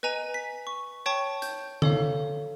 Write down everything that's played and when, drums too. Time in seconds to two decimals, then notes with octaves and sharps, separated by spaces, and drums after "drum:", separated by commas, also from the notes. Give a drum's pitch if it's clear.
0.03 B4 D#5 G#5 A#5 D#7
0.34 B6
0.67 C#6
1.06 C#5 G5 A5 C#6
1.42 G6, drum: hi-hat
1.82 A4 C#5 F5, drum: tom D3